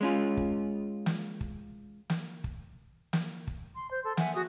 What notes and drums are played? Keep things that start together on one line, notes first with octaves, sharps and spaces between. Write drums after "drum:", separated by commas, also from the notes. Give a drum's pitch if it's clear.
G#3 C#4 F4
drum: kick
drum: snare
drum: kick
drum: snare
drum: kick
drum: snare
drum: kick
C6
C5
A4 C6
E5 F#5 G#5, drum: snare
F#4 G#4 D#6